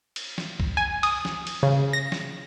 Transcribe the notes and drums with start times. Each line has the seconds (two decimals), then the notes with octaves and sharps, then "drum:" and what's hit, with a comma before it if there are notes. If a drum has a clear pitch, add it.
0.16 drum: cymbal
0.38 drum: snare
0.60 drum: kick C2
0.77 G#5
1.03 D#6, drum: cymbal
1.25 drum: snare
1.47 drum: cymbal
1.63 C#3
1.93 A#6
2.12 drum: snare